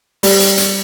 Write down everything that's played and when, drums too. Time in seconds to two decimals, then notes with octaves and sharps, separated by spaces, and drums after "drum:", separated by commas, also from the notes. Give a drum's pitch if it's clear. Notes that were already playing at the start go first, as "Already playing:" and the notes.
0.23 G3, drum: open hi-hat
0.40 drum: hi-hat
0.58 drum: hi-hat